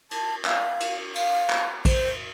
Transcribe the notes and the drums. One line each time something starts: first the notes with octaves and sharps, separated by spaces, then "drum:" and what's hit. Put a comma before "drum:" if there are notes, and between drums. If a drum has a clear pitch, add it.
A5, drum: cymbal
F5, drum: clap
drum: cymbal
F5, drum: cymbal
drum: clap
C5, drum: kick, cymbal